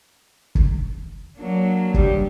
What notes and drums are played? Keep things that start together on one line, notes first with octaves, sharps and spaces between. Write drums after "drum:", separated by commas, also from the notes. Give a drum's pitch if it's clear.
drum: kick
F#3 A#3 D4
G2 G3, drum: kick